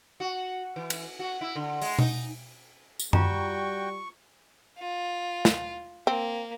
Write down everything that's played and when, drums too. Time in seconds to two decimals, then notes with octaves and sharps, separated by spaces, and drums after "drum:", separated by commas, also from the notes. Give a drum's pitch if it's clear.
0.20 F#4
0.76 E3
0.90 drum: cymbal
1.19 F#4
1.41 E4
1.56 D3
1.82 G#3, drum: open hi-hat
1.99 D#4, drum: tom B2
2.99 drum: tambourine
3.13 G3 F4 F#4 G5 A#5 C#6, drum: tom F#2
4.78 F4
5.45 drum: snare
6.07 A#3 C4